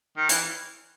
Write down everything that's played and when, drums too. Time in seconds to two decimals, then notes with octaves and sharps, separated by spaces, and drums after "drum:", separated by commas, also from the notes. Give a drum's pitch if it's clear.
0.17 D#3
0.29 E3, drum: hi-hat